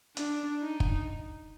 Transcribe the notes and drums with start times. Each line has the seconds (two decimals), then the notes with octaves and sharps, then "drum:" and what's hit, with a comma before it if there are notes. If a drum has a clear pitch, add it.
0.17 D4, drum: hi-hat
0.62 D#4
0.80 drum: kick